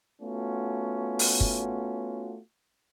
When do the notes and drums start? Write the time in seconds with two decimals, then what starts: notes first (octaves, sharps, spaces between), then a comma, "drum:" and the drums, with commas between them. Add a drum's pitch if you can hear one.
0.22 A3 B3 C#4 F4 F#4
1.19 drum: open hi-hat
1.40 drum: kick